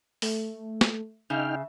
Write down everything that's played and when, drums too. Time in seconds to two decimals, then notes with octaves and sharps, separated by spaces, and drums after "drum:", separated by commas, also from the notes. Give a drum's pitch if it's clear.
0.22 A3, drum: open hi-hat
0.81 drum: snare
1.30 C#3 D#4 E5 G5 F6